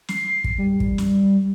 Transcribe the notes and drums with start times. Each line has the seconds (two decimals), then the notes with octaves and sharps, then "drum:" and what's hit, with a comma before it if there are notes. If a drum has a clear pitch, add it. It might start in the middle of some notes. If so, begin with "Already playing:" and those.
0.08 C7, drum: snare
0.44 drum: kick
0.58 G3
0.80 drum: kick
0.98 drum: snare